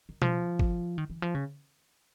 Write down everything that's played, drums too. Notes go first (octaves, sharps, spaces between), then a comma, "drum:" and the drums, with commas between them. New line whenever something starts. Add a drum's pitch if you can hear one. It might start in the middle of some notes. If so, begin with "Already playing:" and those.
D#3
F3, drum: tom B2
drum: kick G1
D#3
E3
F3
C#3